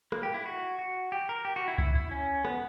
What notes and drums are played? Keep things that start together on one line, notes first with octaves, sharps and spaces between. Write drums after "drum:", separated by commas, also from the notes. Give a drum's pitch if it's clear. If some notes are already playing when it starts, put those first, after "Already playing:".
A#3, drum: rim click
G4
E4
F#4
F#4
G4
A#4
G4
F#4
E4
E4, drum: kick C#2
E4
C#4
B3, drum: rim click